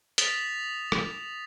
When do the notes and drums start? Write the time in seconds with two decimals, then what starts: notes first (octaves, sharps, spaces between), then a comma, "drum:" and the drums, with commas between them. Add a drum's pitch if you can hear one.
0.18 D#6 A6 B6 E7 F7, drum: hi-hat
0.92 drum: rim click